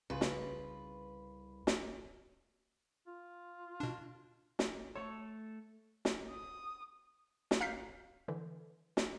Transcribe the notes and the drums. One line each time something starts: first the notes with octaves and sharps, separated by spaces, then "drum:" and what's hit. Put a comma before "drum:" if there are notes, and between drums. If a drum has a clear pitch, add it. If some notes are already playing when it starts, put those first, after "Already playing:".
C2 C#3 F4 B4
drum: snare
drum: snare
F4
B2 D4
drum: snare
A3 A4 C#5
drum: snare
D#6
drum: snare
F5 A#5 F6 G6 B6 C7
D3 E3
drum: snare